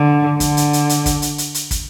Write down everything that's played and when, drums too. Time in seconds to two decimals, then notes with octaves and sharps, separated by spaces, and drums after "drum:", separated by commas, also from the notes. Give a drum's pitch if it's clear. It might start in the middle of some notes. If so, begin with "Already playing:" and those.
Already playing: D3
0.40 D3, drum: kick, hi-hat
0.57 drum: hi-hat
0.73 drum: hi-hat
0.89 drum: hi-hat
1.06 drum: kick, hi-hat
1.22 drum: hi-hat
1.38 drum: hi-hat
1.54 drum: hi-hat
1.71 drum: kick, hi-hat